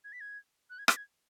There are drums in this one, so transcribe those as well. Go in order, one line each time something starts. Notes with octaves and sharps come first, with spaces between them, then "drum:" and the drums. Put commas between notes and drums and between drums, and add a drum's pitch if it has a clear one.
G#6
B6
G#6
F#6
G#6
B6, drum: rim click
G#6